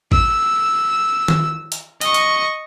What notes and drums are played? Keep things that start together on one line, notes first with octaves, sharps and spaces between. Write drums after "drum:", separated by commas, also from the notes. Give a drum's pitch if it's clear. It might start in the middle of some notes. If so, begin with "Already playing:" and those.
E6, drum: kick
drum: tom D#3
drum: hi-hat
D#5 C#6, drum: hi-hat
drum: hi-hat